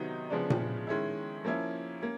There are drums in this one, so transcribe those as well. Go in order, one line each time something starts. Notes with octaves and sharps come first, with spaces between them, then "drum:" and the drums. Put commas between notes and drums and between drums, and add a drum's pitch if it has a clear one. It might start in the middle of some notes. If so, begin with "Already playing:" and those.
Already playing: C3 D#3 F#3 B3 D#4
C#3 F3 G#3 B3 D4
drum: tom A#2
D#3 G#3 C#4 E4
F3 A#3 C#4 E4
A#3 C#4